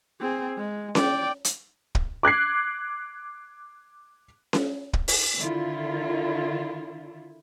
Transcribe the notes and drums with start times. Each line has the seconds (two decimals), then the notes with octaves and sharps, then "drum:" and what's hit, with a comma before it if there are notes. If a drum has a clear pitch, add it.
0.20 C4 G#4
0.57 G#3
0.95 D5 G5, drum: snare C#4
1.45 drum: hi-hat
1.95 drum: kick
2.23 D6 F#6 G#6 C7
4.53 drum: snare C#4
4.93 drum: kick
5.08 drum: open hi-hat
5.37 D3 D#3 E4 F4